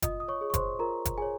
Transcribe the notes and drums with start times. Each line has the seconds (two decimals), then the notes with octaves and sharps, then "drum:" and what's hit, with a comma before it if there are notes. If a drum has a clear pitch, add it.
0.02 F4 D#5 D#6, drum: kick F#1, hi-hat
0.20 D#6
0.28 C#5 C#6
0.41 G#4 C#5
0.50 C#6
0.54 C5 C6, drum: kick F#1, hi-hat
0.79 F4 A#4 A#5
1.05 drum: kick F#1, hi-hat
1.18 G#4 C#5 G#5